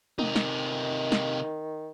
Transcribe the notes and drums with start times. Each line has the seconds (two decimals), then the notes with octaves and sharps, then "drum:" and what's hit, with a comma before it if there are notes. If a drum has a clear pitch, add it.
0.18 C3 D#3 D#4, drum: tom G#3
0.36 drum: snare
1.12 drum: snare